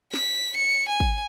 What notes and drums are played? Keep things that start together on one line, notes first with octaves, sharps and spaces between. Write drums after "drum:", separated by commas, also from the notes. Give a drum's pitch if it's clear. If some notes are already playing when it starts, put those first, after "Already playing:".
B6, drum: snare
C#7
G#5
drum: kick